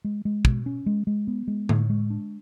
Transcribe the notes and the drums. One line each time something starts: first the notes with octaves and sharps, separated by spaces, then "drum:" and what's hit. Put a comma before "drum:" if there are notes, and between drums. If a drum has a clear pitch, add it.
G#3
G#3
B2, drum: kick
C#4
G#3
G#3
B3
G#3
A2, drum: tom D3
G#3
D4